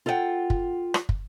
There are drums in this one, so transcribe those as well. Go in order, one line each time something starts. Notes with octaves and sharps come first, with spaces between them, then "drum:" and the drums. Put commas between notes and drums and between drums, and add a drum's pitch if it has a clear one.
F4 A4 A#4 D5 F#5 G5
drum: kick
drum: rim click
drum: kick